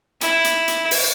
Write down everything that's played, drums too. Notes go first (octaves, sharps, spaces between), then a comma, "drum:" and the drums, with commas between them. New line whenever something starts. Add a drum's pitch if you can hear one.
E4, drum: hi-hat
drum: hi-hat
drum: hi-hat
drum: open hi-hat